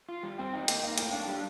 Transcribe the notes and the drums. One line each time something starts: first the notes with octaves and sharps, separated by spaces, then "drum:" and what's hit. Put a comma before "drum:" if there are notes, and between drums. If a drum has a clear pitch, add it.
F4
G3
C4 G5
D#4 G5
A#3 G5, drum: hi-hat
A#3 F5
A2 G5, drum: hi-hat
D4 F5
G3